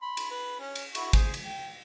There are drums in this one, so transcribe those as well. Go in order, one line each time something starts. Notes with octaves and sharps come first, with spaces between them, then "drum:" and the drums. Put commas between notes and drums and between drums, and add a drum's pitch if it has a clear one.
B5 C6
drum: cymbal
B4
C#4
drum: cymbal
E4 F#4 C#6, drum: cymbal
G#4 C5, drum: kick, cymbal
drum: cymbal
G5